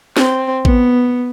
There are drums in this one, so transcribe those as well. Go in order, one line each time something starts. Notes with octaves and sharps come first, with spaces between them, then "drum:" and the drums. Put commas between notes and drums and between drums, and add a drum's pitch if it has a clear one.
C4, drum: snare
B3, drum: kick A1